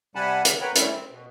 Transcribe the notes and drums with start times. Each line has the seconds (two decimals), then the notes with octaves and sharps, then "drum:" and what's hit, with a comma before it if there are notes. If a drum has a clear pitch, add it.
0.15 C3 G3 F#5 G#5 A5 B5
0.45 D3 D#3, drum: hi-hat
0.61 B4 C#5 F#5 G5 A#5 B5
0.76 D3 D#3 G3 A3 C#4 E4, drum: hi-hat
0.89 C4
1.11 B2